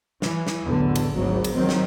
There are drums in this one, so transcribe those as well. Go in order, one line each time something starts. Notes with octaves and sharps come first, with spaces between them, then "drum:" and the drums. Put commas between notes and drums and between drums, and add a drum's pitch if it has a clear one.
E3, drum: snare
drum: snare
B1 E2 A2 D3
drum: cymbal
G#1 D2 G#2 F#3
drum: cymbal
D#3 F#3 C4
drum: snare